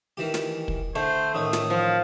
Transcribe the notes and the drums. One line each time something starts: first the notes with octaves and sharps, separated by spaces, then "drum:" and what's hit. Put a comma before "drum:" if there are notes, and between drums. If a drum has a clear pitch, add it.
D#3 E3 G4
drum: snare
drum: kick
D3 A3 C5
A1 D#3 C#5 D#6
drum: snare
F3